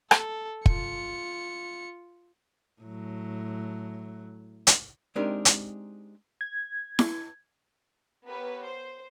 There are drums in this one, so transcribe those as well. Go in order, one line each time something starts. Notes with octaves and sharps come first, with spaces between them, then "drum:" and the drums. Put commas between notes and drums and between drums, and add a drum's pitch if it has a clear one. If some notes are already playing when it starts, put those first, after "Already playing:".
A4, drum: rim click
F4 C#7, drum: kick
A2 F#3
drum: hi-hat
G#3 C4 D4 D#4 G4 A#4
drum: hi-hat
G#6
drum: snare E4
B3 G4 A#4 B4 C#5
C5